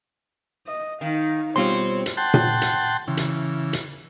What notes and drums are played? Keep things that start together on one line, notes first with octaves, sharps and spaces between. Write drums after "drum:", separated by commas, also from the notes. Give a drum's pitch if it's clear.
D#5
D#3 D#4 F5
B2 G3 C4 F4 C#5 C6
drum: hi-hat
F#5 G5 A5 C6
drum: tom A#2
drum: hi-hat
C#3 E3
drum: hi-hat
drum: hi-hat